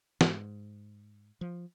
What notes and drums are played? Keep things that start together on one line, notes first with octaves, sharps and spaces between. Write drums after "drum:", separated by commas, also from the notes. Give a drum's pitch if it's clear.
G#2, drum: snare
F3